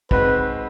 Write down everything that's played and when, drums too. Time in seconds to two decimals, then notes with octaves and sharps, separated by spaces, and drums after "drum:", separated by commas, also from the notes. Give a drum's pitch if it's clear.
0.11 G#3 C4 D#4 F#4 B4, drum: kick